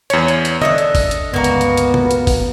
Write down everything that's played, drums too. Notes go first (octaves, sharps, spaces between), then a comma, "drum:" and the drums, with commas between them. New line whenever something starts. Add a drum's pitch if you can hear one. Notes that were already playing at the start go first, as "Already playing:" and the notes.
E2 C#4 C#5, drum: hi-hat
drum: hi-hat
drum: hi-hat
D4 A4 D#5 E5, drum: tom
drum: hi-hat
drum: kick, open hi-hat
drum: hi-hat
G1 C#2 A#3 B3 F#4 A#5
drum: hi-hat
drum: hi-hat
drum: hi-hat
drum: tom C3
drum: hi-hat
drum: kick, open hi-hat